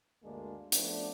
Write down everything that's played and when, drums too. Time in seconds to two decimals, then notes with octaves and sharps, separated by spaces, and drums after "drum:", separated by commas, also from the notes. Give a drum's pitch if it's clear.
0.23 D2 G2 G#3 A#3 D4
0.72 F3 A3 B3 D4, drum: hi-hat